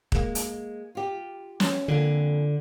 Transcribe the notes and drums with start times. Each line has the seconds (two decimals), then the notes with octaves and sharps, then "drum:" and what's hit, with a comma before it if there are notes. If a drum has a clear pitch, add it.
0.12 G#3 A#3, drum: kick
0.35 drum: hi-hat
0.95 F4 G4
1.60 C#4, drum: snare
1.88 F2 D3 A#3 G#5